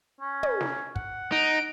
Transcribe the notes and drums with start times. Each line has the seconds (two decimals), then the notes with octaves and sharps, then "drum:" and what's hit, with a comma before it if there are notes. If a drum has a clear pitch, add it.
0.20 C#4
0.43 drum: tom
0.61 drum: snare
0.96 F#5, drum: kick
1.32 D#4 D7